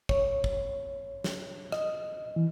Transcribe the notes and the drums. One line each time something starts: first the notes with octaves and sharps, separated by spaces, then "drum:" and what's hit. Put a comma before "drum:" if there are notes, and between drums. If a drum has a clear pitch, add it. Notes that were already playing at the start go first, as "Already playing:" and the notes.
C#5, drum: kick
drum: kick
drum: snare
D#5, drum: rim click
E3